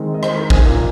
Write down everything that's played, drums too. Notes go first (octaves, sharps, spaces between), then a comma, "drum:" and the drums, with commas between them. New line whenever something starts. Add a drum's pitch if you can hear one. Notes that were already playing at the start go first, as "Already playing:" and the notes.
Already playing: D#3 G#3 C4 D#4
D#5
C5, drum: rim click
A#4
G#5, drum: kick
A#2 A#3 D#4